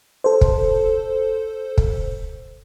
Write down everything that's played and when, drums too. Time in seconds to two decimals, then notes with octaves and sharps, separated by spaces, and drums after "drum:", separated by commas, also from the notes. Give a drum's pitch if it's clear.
0.24 A4 C5
0.41 drum: kick
1.78 drum: kick